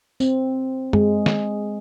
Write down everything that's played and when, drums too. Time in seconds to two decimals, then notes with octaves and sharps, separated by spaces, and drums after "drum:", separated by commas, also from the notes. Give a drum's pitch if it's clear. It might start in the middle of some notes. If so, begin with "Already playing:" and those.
0.20 C4, drum: tambourine
0.93 G#3, drum: tom
1.26 drum: snare